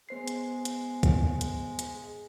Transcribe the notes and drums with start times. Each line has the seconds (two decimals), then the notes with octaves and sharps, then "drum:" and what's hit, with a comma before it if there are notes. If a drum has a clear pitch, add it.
0.09 G#3 B3 C5 C7
0.28 drum: hi-hat
0.65 drum: hi-hat
1.03 drum: kick, hi-hat
1.41 drum: hi-hat
1.79 drum: hi-hat